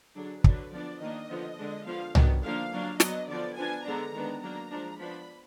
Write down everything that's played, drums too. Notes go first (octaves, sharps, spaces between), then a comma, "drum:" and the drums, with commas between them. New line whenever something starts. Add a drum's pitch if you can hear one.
D3 F#3 D4 G#4
D3 F#3 D4 B4, drum: kick
F3 B3 D4 D5
D#3 A#3 D4 D#5
D3 F3 B3
D3 G#3 D4
D3 F3 B3 F5
D#3 F#3 B3 D4, drum: tom C2
D3 F3 A#3 D4 F5
F#3 A#3 D4
F#3 B3 D4 D#5, drum: snare
D3 F3 B3 D5
F3 B3 D4 G#5
D3 G#3 B3 D4 A#5
D#3 G#3 B3 D4
F#3 A#3 D4 A#5
F3 G#3 D4
F3 B3 D4 B5